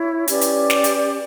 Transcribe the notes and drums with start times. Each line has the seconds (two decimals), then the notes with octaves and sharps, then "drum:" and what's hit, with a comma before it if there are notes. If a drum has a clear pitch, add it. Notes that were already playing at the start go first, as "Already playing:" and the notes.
Already playing: E4 C#5
0.28 C#4 G4 B4 D5, drum: hi-hat
0.41 drum: hi-hat
0.70 drum: snare
0.84 drum: hi-hat